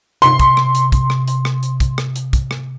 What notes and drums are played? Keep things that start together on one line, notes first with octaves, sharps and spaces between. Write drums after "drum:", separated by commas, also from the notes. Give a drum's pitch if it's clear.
C3 C6, drum: hi-hat
drum: kick, hi-hat
drum: rim click
drum: hi-hat
drum: kick, hi-hat
drum: rim click
drum: hi-hat
drum: rim click
drum: hi-hat
drum: kick, hi-hat
drum: rim click
drum: hi-hat
drum: kick, hi-hat
drum: rim click